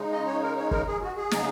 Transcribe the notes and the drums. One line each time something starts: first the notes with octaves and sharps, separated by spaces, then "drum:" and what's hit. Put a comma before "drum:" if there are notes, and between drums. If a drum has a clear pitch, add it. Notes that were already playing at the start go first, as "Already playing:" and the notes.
Already playing: C#3 G#3 D#4
D#5
C#5
A#4
C#5
A#4, drum: kick
G#4
F#4
G#4
C#3 F#3 D#4, drum: snare